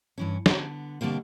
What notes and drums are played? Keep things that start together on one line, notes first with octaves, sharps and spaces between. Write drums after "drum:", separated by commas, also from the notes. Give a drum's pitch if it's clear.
G2 E3 C#4
D3 B3, drum: snare
B2 D3 G3 A#3 C4